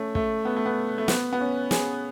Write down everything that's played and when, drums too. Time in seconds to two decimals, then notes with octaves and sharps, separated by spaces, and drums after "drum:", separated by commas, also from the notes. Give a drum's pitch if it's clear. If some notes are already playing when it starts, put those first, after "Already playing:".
Already playing: A3 C#4
0.15 A3, drum: kick
0.45 B3
0.56 A3
0.66 B3
0.98 A3
1.08 B3, drum: snare
1.33 B3
1.41 C#4
1.71 G#4, drum: snare